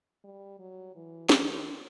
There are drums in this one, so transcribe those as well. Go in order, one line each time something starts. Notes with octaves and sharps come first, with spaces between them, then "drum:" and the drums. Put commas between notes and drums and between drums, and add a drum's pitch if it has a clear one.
G3
F#3
E3
D#3, drum: snare